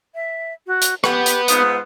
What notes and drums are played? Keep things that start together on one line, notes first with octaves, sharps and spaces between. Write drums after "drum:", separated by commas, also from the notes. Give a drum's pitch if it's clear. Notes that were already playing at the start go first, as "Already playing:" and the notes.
E5
F#4
drum: hi-hat
G4 B4 F#5, drum: rim click
drum: hi-hat
G#2 B3 F4 D#6, drum: hi-hat